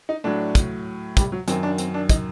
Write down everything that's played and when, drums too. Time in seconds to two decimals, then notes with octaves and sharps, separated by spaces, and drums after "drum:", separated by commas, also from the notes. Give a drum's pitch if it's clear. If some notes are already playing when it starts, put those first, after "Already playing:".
0.09 D#4
0.24 A2 F#3 D4
0.55 drum: kick, hi-hat
1.17 G3, drum: kick, hi-hat
1.32 F#3
1.48 F#2 D#3 F#3 C4, drum: hi-hat
1.63 D4
1.78 C4, drum: hi-hat
1.94 D4
2.09 D#4, drum: kick, hi-hat